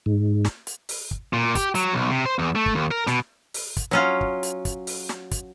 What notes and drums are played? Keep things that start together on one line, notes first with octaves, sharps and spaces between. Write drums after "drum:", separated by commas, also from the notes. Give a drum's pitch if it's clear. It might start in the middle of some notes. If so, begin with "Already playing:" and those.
G#2
drum: snare
drum: hi-hat
drum: open hi-hat
drum: kick
A#2
G4, drum: kick, hi-hat
F#3, drum: hi-hat
B1
C3
C5
E2
A3
drum: kick
D#2
A#4
B2, drum: snare
drum: open hi-hat
drum: kick, hi-hat
F#3 C#4 F4
drum: kick
drum: hi-hat
drum: kick, hi-hat
drum: open hi-hat
drum: snare
drum: kick, hi-hat